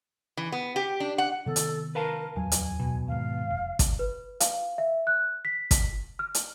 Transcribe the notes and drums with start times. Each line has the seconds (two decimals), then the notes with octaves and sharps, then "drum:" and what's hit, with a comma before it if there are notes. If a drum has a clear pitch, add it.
0.37 E3
0.52 B3
0.76 G4
1.00 D4
1.18 F#5
1.46 C3 D#3 B3 A4
1.56 drum: hi-hat
1.95 A#4 B4 F5 A5
2.36 D1 E2 F#3 G#5
2.52 drum: hi-hat
2.79 B2
3.08 D#2 G#2 F5
3.50 F1
3.79 drum: kick, hi-hat
3.99 B4
4.40 F5, drum: hi-hat
4.78 E5
5.07 F#6
5.45 B6
5.71 drum: kick, hi-hat
6.19 F6
6.35 drum: hi-hat